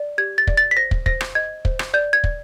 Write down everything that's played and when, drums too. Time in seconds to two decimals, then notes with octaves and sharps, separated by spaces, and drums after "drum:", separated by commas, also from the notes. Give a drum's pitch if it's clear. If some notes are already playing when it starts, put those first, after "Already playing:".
Already playing: D5
0.18 G4 G#6
0.38 A6
0.47 D5, drum: kick
0.57 A6
0.71 B6
0.77 C5 A#6
0.91 drum: kick
1.06 C5 A#6, drum: kick
1.21 drum: rim click
1.35 D#5 G#6
1.65 C5, drum: kick
1.79 drum: rim click
1.94 D5 G6
2.13 G#6
2.24 D5, drum: kick